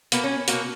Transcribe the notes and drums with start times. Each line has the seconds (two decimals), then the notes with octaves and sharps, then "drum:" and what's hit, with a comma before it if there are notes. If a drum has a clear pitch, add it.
0.12 B2 A#3 B3, drum: hi-hat
0.24 C#4
0.48 B2 A#3 F#4, drum: hi-hat